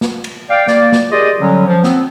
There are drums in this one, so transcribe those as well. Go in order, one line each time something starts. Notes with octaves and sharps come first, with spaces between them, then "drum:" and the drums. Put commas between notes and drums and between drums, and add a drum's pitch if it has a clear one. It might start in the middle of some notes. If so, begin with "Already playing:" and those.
drum: snare
drum: cymbal
D5 F5 G5
A#3 D5, drum: snare
drum: snare
F4 G4 G#4 A#4 D5 D#5
D3 F#3 G3 C#4
F3
B3 C4, drum: snare